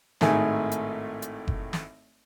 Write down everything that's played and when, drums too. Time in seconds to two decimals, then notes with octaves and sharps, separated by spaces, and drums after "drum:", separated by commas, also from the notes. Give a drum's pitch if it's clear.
0.21 G#1 A2 D#3 A3 G#4 G#5, drum: snare
0.71 drum: hi-hat
1.22 drum: hi-hat
1.48 drum: kick F#1
1.73 drum: snare